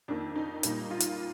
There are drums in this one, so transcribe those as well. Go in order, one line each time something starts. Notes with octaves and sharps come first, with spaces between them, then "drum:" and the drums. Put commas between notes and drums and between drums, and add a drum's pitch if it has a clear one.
F2 D#3 A#3 D4
D#4
A#2 G3 A#3 D#4, drum: hi-hat
F4
drum: hi-hat